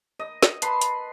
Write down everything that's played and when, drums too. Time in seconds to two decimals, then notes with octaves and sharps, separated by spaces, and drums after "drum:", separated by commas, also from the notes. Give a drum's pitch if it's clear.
0.19 D#5
0.43 drum: snare
0.62 B4 A5 B5 C6, drum: hi-hat
0.81 drum: hi-hat